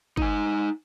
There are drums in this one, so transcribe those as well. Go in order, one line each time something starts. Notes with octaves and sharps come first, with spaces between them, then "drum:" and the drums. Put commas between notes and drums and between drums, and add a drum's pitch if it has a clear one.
D#4 G#5, drum: kick G1